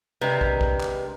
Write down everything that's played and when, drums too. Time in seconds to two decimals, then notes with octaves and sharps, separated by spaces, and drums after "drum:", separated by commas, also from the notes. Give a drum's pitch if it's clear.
0.21 C3 G#3 D4 A#4 B4 D#5
0.41 drum: kick
0.61 drum: kick
0.80 drum: clap